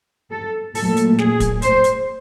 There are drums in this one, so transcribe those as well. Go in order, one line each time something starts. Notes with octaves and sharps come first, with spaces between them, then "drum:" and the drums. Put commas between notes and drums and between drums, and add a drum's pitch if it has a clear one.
A4
A#2 F#3 A3 A4, drum: open hi-hat
drum: hi-hat
G#4, drum: snare
drum: kick, hi-hat
C5, drum: hi-hat
drum: hi-hat